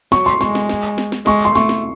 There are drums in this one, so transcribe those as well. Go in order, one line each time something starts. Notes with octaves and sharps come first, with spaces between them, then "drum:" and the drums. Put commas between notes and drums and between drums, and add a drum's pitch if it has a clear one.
F#3 C#6, drum: snare
C6
G#3 C#6, drum: snare
drum: snare
drum: snare
drum: snare
drum: snare
G#3 C#6, drum: snare
C6
A3 C#6, drum: snare
drum: snare